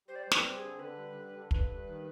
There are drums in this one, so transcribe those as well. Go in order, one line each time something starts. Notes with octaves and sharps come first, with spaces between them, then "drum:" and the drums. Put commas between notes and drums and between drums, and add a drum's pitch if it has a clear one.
G3 C5
D5
C5
G3
B4, drum: snare
C4
G#4
D3
D3 B4
G3
D3
D3
G2 B4, drum: kick
G2
D#3